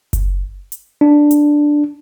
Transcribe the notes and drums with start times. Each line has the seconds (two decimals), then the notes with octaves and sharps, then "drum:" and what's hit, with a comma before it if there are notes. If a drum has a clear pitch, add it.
0.13 drum: kick F#1, hi-hat
0.72 drum: hi-hat
1.01 D4
1.31 drum: hi-hat